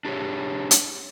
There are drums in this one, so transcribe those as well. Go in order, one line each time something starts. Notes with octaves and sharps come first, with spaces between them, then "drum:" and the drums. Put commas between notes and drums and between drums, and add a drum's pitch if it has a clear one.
D4 G4 G#4 C#5
drum: hi-hat